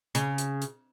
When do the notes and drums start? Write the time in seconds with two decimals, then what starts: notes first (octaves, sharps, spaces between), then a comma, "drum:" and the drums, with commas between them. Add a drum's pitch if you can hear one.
0.15 C#3, drum: hi-hat
0.38 drum: hi-hat
0.62 drum: hi-hat